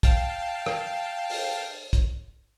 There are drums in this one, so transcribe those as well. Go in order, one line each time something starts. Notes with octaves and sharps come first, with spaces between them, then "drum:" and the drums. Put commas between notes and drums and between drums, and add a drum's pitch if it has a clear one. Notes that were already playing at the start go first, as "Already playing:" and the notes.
F5 G5 A5, drum: kick, hi-hat
drum: rim click
drum: open hi-hat
drum: kick, hi-hat